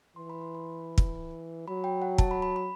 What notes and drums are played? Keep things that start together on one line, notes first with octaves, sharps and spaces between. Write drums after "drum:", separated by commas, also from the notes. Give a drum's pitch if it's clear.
E3 C6
B5
C6
B5
drum: kick
F#3 B5
G5
F#5
A5, drum: kick
B5
B5
B5